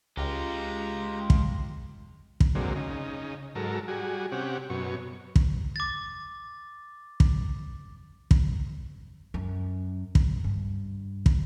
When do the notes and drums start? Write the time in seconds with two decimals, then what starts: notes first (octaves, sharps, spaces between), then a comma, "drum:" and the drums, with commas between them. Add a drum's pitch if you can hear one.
0.17 C#2 G#3 F4 G4 A#5
1.30 drum: kick
2.40 drum: kick
2.55 D3 F#3 G#3 A#3 C4
2.76 C#3 D#4
3.55 G#2 F#3 A4 A#4
3.88 G3 F#4 G#4
4.32 C3 C#4 G4 F#5
4.70 F#2 B2 C#5
5.36 drum: kick
5.76 D6 A6
7.20 drum: kick
8.31 drum: kick
9.34 F#2
10.15 drum: kick
10.44 G2
11.26 drum: kick